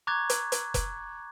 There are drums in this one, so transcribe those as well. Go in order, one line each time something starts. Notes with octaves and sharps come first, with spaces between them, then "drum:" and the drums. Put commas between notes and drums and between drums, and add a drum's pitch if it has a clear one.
A#5 C#6 D6 F#6 G#6 A6
drum: hi-hat
drum: hi-hat
drum: kick F1, hi-hat